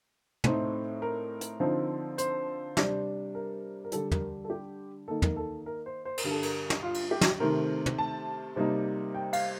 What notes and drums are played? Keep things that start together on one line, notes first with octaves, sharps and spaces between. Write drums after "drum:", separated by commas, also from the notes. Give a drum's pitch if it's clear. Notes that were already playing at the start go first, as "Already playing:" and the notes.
A2 A3 C4 D#4, drum: tom
A#4
drum: hi-hat
D3 F3 C4 D#4
C5, drum: hi-hat
C3 G3 D4, drum: snare
A#4
A#4
D3 G3 D4 A4, drum: hi-hat
A#4, drum: tom
A4
G4
D#3 A#3 D#4 A4
A#4, drum: tom
A4
A#4
C5
C5
A#4, drum: cymbal
G2 D3 G3
A4
A#4, drum: cymbal
drum: snare
F4
drum: cymbal
G4
drum: snare
C3 D#3 A3 C4 A#4
drum: tom
A5
C3 G3 A#3 D#4
G5
F5, drum: cymbal